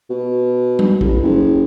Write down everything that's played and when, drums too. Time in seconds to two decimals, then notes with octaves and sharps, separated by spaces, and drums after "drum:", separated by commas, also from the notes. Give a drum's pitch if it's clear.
0.10 B2
0.79 drum: tom G3
1.01 A1, drum: kick
1.22 F#1